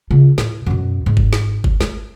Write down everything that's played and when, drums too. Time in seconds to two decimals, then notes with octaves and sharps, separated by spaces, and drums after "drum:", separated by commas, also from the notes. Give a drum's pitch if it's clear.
0.11 C#3 F4
0.38 A2, drum: snare
0.66 F#2 B2
1.06 G#2
1.17 drum: kick G1
1.33 drum: snare
1.64 drum: kick G1
1.81 A3, drum: snare